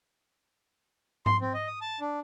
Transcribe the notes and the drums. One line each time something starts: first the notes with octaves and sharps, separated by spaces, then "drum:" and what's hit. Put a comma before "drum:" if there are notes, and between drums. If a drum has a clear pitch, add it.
C6, drum: tom G#2
C4
D#5
D#6
A5
D4